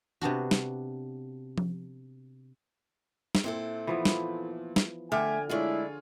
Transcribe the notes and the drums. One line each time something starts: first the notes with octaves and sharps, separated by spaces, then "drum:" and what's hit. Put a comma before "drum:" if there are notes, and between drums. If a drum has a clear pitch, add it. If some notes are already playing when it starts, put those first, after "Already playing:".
C3 B3 D4 F#4
drum: snare
drum: tom F3
drum: snare
A#2 C4 E4 A4
E3 F3 B3
drum: snare
drum: snare
D3 A3 E5 G5 G#5 D6 F6
G#3 A3 D4 E4 F4 G#4 C#5